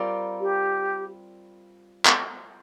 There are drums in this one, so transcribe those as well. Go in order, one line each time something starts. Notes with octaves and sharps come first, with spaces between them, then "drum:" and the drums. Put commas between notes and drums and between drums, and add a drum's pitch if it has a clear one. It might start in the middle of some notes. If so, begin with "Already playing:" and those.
Already playing: G3 C4 F4 A#4 D5
G4
drum: clap